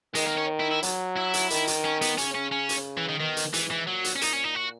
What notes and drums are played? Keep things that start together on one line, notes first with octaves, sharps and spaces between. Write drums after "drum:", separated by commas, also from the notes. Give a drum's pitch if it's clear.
D#3 G#3, drum: hi-hat
A#3
C#4
E4
E4
F#3, drum: hi-hat
E4
drum: hi-hat
D#3, drum: hi-hat
drum: hi-hat
C#4
B3, drum: hi-hat
C#3 C#4, drum: hi-hat
C#4
C#4
drum: hi-hat
E3
D#3
B2 D#3
drum: hi-hat
G#2 E3, drum: hi-hat
E3
A#2 F#3
drum: hi-hat
C#4
D#4, drum: hi-hat
C#4
D#4
F#4